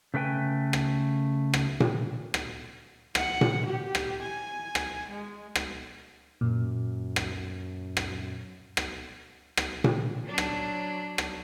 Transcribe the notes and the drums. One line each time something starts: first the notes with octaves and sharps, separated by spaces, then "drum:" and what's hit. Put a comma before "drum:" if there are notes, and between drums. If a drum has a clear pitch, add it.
C#3 A3 B4 G5 G#5
drum: rim click
drum: rim click
drum: tom A#2
drum: rim click
F#5, drum: rim click
drum: tom A#2
G4
drum: rim click
G#5
drum: rim click
G#3
drum: rim click
F#2 A#2
drum: rim click
drum: rim click
drum: rim click
drum: rim click
drum: tom A#2
F#3 D4
drum: rim click
drum: rim click